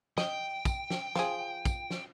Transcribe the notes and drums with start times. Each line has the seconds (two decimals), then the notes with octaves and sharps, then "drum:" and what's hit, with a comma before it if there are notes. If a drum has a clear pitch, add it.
0.18 D#5 G5, drum: snare
0.65 drum: kick, tambourine
0.90 drum: snare
1.15 F3 G#4, drum: snare
1.65 drum: kick, tambourine
1.91 drum: snare